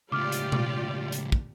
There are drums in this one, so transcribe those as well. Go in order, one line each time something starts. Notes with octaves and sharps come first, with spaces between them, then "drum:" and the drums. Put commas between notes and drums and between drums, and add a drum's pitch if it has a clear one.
C#2 A2 F4 G4 D5 D6 F6
drum: hi-hat
drum: tom B2
drum: hi-hat
drum: kick